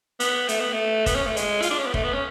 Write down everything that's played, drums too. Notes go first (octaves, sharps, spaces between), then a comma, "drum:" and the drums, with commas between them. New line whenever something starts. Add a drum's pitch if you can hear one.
B3, drum: hi-hat
A3, drum: hi-hat
B3
A3
B3, drum: kick, hi-hat
C#4
A3
G#3, drum: hi-hat
F4, drum: hi-hat
D4
C#4
B3
A3, drum: kick
B3
C#4